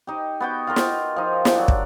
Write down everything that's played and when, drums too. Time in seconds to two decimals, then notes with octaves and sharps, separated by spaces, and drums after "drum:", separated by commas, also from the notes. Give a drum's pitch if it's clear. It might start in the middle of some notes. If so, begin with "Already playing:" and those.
0.07 D#4 G4
0.40 B3 F#4 G5
0.67 F4 G4 A#4 D#5
0.76 drum: snare
1.16 F3 D#4
1.45 drum: snare
1.55 F#3 D4
1.68 drum: kick